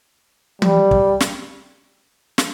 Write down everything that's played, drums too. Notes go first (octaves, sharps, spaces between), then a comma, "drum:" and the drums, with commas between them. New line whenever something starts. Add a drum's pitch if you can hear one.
G3, drum: tom
drum: kick
drum: snare
drum: snare